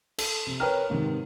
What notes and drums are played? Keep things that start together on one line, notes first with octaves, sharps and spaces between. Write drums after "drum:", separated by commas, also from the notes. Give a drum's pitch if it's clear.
A4, drum: cymbal
C3
A#4 B4 C#5 G5 A#5 F6
G#2 C3 D#3